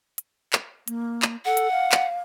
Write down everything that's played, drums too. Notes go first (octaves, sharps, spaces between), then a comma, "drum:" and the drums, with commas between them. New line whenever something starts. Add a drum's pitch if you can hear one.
drum: hi-hat
drum: clap
A#3, drum: hi-hat
drum: clap
A4 F#5
drum: hi-hat
F5
drum: clap